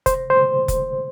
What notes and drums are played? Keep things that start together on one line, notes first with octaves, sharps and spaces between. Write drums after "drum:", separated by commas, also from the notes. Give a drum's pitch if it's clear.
C5, drum: kick F1, hi-hat
C5
drum: kick F1, hi-hat